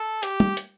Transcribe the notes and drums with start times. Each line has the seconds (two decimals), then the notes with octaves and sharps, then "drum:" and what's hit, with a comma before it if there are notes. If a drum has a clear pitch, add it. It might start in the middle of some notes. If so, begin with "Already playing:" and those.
Already playing: A4
0.23 G4, drum: hi-hat
0.40 drum: tom
0.57 drum: hi-hat